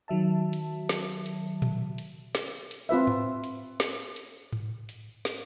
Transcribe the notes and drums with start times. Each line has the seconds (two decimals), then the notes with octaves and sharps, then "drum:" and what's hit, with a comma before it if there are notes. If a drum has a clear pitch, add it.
0.08 D#3 F#3 E5 A5
0.53 drum: hi-hat
0.89 drum: snare
1.26 drum: hi-hat
1.62 drum: tom A#2
1.98 drum: hi-hat
2.35 drum: snare
2.71 drum: hi-hat
2.89 C4 F4 B4 E5
3.07 drum: tom G#2
3.44 drum: hi-hat
3.80 drum: snare
4.16 drum: hi-hat
4.53 drum: tom G#2
4.89 drum: hi-hat
5.25 drum: snare